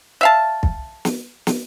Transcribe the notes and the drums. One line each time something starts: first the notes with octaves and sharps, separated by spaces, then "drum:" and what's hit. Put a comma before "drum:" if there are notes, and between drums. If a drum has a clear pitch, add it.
E5 F5 A5
drum: kick
drum: snare
drum: snare